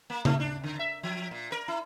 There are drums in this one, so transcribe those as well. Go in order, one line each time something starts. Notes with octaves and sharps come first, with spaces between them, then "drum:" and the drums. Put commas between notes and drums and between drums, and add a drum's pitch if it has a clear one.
A#3
A3, drum: tom C#3
D4
D3
E5
F3
A#2
A#4
E4